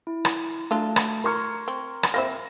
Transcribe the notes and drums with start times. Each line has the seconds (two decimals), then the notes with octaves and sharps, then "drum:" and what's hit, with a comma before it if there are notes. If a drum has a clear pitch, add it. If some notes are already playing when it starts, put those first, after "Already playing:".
0.07 E4
0.25 drum: rim click
0.71 F#3 A3 D4 F4 A4 A5
0.96 drum: rim click
1.24 A#4 A#5 C6 C#6 F6 G#6
1.68 C4
2.03 drum: rim click
2.14 A#3 C4 C5 E5 B5 A#6